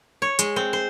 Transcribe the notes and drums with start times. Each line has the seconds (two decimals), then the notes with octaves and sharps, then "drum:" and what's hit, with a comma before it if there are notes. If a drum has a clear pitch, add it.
0.22 C#5
0.39 G#3, drum: hi-hat
0.56 C4
0.73 C5